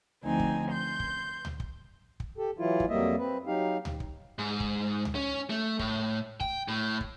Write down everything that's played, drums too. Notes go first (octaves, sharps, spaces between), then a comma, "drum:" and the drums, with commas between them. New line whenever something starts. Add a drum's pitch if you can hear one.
D2 F3 C4 D#4 G#5
drum: kick
C6 G6
drum: kick
drum: tom C#2
drum: kick
drum: kick
G4 A4
E3 F#3 E4 F4
drum: kick
F2 F#3 G3 A#3 D#5 E5
C4 B4
F#3 D#4 G4 F5
drum: tom C#2
drum: kick
G#2
drum: kick
drum: tom C#2
C#4
A3
A2, drum: kick
G5, drum: kick
A2
drum: kick